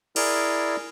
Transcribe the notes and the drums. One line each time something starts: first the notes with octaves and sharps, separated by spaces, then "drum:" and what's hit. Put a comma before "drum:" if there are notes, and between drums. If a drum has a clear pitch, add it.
E4 G#4 A#4 D5, drum: cymbal